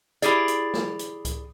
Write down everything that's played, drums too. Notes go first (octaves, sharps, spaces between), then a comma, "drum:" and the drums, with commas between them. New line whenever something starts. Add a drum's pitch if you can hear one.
E4 G4 G#4 D5, drum: hi-hat
drum: hi-hat
drum: snare
drum: hi-hat
drum: kick C#2, hi-hat